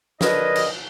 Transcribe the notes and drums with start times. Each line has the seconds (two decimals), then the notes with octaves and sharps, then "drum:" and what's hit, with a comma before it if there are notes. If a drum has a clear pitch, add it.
0.21 D3 D4 A#4 B4 C#5 D#5, drum: snare
0.56 drum: cymbal